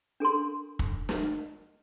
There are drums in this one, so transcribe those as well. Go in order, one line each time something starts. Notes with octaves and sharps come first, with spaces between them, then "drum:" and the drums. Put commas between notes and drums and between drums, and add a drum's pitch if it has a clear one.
D4 A4 A#4 C6
drum: kick
drum: snare